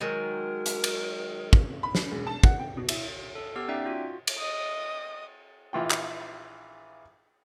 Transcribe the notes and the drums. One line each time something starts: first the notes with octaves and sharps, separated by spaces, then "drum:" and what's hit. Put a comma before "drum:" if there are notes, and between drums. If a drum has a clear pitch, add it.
D#3 F#3 G#3 A#4
drum: hi-hat
drum: cymbal
drum: kick
B5
drum: snare
E1
A5
F#5, drum: kick
G5
B2
E4, drum: cymbal
A4
B3 G4 E6
C#4 D#4 D5 E5 G5
F4 F#4
drum: cymbal
D#5 D#6
A#1 E3 F4 G5
drum: clap